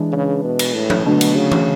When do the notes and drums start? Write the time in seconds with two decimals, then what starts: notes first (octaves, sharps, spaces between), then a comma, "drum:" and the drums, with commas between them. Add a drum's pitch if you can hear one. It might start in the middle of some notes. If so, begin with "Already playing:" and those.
Already playing: E3 G#3 D4
0.12 C#3
0.44 B2
0.59 drum: cymbal
0.74 A2
0.90 drum: tom F3
1.05 B2 D3 F#3 A3 D4
1.21 drum: cymbal
1.36 C#3
1.52 drum: tom E3